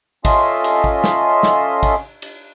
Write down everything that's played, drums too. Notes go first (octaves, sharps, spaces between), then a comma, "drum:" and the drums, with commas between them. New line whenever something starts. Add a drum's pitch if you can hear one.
C#4 F4 A4 D#5 E5 C6, drum: kick, cymbal
drum: cymbal
drum: kick
drum: snare
drum: snare
drum: kick, cymbal
drum: cymbal